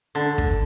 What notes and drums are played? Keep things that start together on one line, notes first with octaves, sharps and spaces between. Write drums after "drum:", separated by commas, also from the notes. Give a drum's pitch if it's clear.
D3
drum: kick